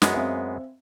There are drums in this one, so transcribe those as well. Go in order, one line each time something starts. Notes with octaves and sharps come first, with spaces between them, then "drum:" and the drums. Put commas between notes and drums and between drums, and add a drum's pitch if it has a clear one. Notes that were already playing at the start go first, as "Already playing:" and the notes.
F#2 G#3 B3, drum: snare
C4 E5 F5